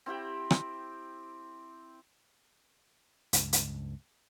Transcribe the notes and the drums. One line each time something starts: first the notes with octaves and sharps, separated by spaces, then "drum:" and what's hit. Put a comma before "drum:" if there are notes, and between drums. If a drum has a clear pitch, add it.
C4 E4 G4 G5
drum: rim click
C#2 G2, drum: hi-hat
drum: hi-hat